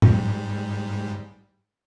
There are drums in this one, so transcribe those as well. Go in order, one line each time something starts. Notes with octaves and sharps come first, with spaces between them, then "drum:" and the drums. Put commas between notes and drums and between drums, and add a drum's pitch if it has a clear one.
G#2 G3, drum: tom